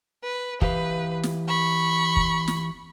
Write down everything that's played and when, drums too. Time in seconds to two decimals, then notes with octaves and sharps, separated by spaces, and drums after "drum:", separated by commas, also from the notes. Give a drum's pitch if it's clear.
0.24 B4
0.61 E3 G4 B4 F5, drum: kick
1.23 drum: snare
1.49 B5 C#6
2.17 drum: kick
2.48 drum: snare